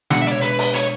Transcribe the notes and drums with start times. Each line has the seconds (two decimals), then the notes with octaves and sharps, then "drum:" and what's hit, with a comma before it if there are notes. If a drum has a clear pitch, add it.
0.10 B2 G#3 D4 F#5, drum: snare
0.22 E5
0.27 D5, drum: hi-hat
0.31 C#5
0.42 B4, drum: hi-hat
0.58 drum: open hi-hat
0.74 C#5, drum: hi-hat